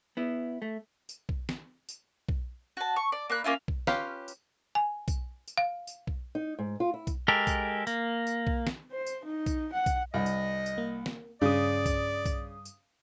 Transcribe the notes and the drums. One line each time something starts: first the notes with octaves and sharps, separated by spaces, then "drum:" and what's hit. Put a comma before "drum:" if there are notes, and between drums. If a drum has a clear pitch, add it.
B3 E4
A3
drum: tambourine
drum: kick B1
drum: snare
drum: tambourine
drum: kick B1
F#4 A5
C#6
D5
A#3 B5 F#6
A#3 C#4 F4 E5
drum: kick B1
C#4 F4 G4 B4 F5, drum: snare
drum: tambourine
G#5
drum: kick B1, tambourine
drum: tambourine
F5
drum: tambourine
drum: kick B1
D#4
G#2
F4
E4
drum: kick B1, tambourine
G#3 G4 A4 A#4
drum: kick B1, tambourine
A#3, drum: tambourine
drum: tambourine
drum: kick B1
drum: snare
C5
drum: tambourine
D#4
drum: kick B1, tambourine
F#5
drum: kick B1, tambourine
C2 D#5
drum: tambourine
drum: tambourine
A#3
drum: snare
G2 C#3 D5 D#6
drum: kick B1, tambourine
drum: kick B1, tambourine
drum: tambourine